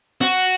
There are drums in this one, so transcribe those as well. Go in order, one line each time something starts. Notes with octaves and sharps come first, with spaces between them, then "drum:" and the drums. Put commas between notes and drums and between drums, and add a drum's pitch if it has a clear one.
F#4, drum: snare